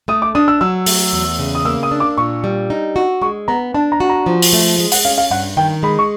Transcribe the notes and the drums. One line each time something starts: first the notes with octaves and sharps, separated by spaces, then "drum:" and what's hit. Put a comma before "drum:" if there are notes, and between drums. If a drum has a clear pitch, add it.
A3 D#6
D6
D4 D#6
E6
F#3 E6
A3, drum: open hi-hat
E2
C#3
D#6
A#3 E6
D#6
D4
D6
A#2 C#6
G3
D#4
F#4
G#3 C#6
B3 A#5
D4 A5
A#5
F#4
A#5
F3
drum: open hi-hat
A3
G#3
F#5, drum: open hi-hat
C#4 F5
F5
G2 F#5
D#3 G5
G#3 B5
C#6